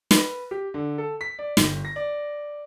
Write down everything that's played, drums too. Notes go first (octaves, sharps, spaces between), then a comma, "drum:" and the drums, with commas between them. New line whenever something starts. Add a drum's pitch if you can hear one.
B4, drum: snare
G4
D3
A4
B6
D5
G1, drum: snare
A#6
D5